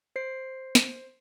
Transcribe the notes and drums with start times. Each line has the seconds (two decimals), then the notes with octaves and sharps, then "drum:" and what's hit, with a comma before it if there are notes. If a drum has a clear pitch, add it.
0.16 C5 C7
0.75 drum: snare